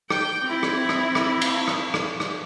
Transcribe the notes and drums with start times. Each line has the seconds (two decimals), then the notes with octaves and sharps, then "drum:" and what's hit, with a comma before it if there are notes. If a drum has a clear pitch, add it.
0.10 G5, drum: rim click
0.44 C4 E4
0.63 drum: rim click
0.89 drum: rim click
1.15 drum: rim click
1.42 drum: cymbal
1.68 drum: rim click
1.94 drum: rim click
2.20 drum: rim click